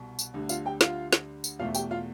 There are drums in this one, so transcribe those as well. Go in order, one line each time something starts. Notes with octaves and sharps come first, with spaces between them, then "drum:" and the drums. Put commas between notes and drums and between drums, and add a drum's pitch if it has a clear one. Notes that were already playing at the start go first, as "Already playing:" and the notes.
Already playing: C2 B2
drum: tambourine
D2 D3 G3
F4 F5, drum: tambourine
G4 G5
F4 F5, drum: snare
drum: snare
drum: tambourine
E2 B2 A3 F4 F5
G4 G5, drum: tambourine
F4 F5